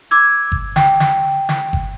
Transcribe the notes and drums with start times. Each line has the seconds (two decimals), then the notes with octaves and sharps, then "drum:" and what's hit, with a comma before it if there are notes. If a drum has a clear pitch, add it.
0.11 D6 E6 G#6
0.52 drum: kick G1
0.76 G5, drum: snare
1.00 drum: snare
1.49 drum: snare
1.73 drum: kick G1